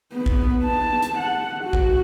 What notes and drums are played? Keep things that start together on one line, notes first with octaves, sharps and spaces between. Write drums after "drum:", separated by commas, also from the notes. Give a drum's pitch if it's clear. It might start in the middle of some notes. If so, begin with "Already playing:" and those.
B3
drum: kick A1
A5
drum: hi-hat
F#5
F#4
drum: kick A1